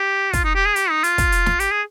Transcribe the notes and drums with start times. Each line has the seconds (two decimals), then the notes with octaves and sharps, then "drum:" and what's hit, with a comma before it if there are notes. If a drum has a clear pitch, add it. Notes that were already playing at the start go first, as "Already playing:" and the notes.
Already playing: G4
0.33 F4, drum: kick, hi-hat
0.44 D#4
0.55 G4
0.66 G#4
0.76 G4, drum: hi-hat
0.90 D#4
1.04 F4, drum: hi-hat
1.18 drum: kick, hi-hat
1.32 drum: hi-hat
1.46 drum: snare
1.60 G4, drum: hi-hat
1.71 G#4